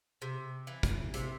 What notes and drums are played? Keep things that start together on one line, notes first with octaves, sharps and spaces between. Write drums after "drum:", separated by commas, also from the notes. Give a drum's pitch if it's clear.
C3
E3
drum: kick, hi-hat
C3, drum: hi-hat